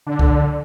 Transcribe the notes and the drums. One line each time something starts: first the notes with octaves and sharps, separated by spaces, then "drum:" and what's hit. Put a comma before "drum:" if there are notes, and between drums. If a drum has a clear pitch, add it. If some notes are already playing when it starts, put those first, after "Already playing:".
D3
drum: kick C2